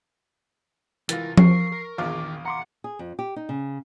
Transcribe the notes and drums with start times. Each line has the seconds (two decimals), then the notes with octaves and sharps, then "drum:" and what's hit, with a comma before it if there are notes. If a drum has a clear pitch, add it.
1.09 C2 E3 E4 F4 A#4 A6, drum: hi-hat
1.37 A#4 C#6 C7, drum: tom F3
1.72 A#4
1.98 A#1 E2 D#3 F4 D6
2.46 F#5 A#5 C6 D6 C#7
2.84 G#4
2.99 F2
3.19 G4
3.36 D#4
3.49 C#3